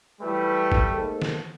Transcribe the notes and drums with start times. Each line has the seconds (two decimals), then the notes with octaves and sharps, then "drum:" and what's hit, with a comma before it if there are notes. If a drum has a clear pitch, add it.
0.22 E3 F#3 G3 A3 B4
0.72 drum: kick
0.93 G#2 A#3 A4
1.22 drum: snare